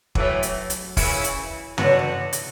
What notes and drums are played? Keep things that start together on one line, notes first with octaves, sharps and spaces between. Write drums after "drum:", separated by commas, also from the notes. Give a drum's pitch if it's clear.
A2 E3 F#3 A3, drum: kick
drum: hi-hat
drum: hi-hat
C#3 E3 F#3 C#4 E4, drum: kick, open hi-hat
drum: hi-hat
D3 F#3 G3 B3 F#4, drum: tom
E3
drum: hi-hat